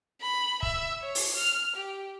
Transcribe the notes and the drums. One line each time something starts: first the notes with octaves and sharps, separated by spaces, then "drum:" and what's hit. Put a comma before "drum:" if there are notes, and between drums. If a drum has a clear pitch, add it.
B5
E5, drum: kick
C#5
drum: open hi-hat
F6
G4